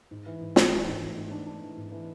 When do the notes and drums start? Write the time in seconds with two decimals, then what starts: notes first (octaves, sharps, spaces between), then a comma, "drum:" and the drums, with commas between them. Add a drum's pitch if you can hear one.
0.11 G#2
0.26 E3
0.41 G#2
0.56 D4, drum: snare
0.71 E3
0.87 G#2
1.02 A3
1.17 G#2
1.31 D4
1.47 D4
1.62 E3
1.77 G#2
1.92 E3